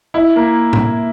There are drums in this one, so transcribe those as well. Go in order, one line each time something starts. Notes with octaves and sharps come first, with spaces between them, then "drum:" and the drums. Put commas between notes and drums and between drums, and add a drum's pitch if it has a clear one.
E4
A#3
drum: tom